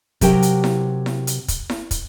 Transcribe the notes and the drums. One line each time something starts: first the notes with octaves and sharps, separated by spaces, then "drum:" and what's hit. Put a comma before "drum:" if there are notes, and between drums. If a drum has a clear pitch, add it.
C3 F#3 G4 A#4 G5, drum: kick, hi-hat
drum: hi-hat
drum: snare E4
drum: snare E4
drum: hi-hat
drum: kick, hi-hat
drum: snare E4
drum: kick, hi-hat